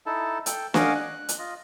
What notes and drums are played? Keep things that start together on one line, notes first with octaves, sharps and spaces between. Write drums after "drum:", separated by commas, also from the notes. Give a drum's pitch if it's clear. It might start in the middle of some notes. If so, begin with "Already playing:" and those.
D#4 E4 A4 A5
A4 G5, drum: hi-hat
C#4 D#5 F5 F#5 G#5 D6, drum: snare
F#6
drum: hi-hat
F4 D#5